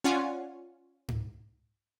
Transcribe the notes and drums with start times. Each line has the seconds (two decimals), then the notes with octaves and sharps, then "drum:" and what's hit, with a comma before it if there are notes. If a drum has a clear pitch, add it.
0.04 C#4 F4 D5 F#5 G#5
1.08 drum: tom G#2